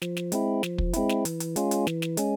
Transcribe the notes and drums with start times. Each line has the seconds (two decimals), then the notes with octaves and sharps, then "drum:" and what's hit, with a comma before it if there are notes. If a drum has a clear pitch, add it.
0.02 F3, drum: snare
0.17 drum: snare
0.32 G#3 C4 E4, drum: hi-hat
0.63 F3, drum: snare
0.78 drum: kick
0.93 G#3 C4 E4, drum: hi-hat
1.09 drum: snare
1.25 E3, drum: hi-hat
1.40 drum: hi-hat
1.56 G#3 C#4 F4, drum: hi-hat
1.71 drum: hi-hat
1.87 E3, drum: snare
2.02 drum: snare
2.17 G#3 C#4, drum: hi-hat